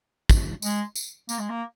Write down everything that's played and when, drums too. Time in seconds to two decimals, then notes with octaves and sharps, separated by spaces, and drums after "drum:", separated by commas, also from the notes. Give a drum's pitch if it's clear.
0.29 drum: kick, tambourine
0.62 G#3, drum: tambourine
0.95 drum: tambourine
1.29 A#3, drum: tambourine
1.39 G#3
1.50 A#3